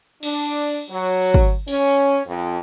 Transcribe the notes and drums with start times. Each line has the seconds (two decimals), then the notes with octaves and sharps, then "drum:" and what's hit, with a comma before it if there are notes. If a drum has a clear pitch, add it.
0.23 D4, drum: cymbal
0.90 F#3
1.34 drum: kick
1.68 C#4, drum: cymbal
2.26 F2